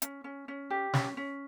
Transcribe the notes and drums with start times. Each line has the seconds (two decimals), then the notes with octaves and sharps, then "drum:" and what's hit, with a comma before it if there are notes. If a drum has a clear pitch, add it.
0.02 C#4, drum: hi-hat
0.24 C#4
0.48 C#4
0.70 G4
0.93 C#4, drum: snare
1.17 C#4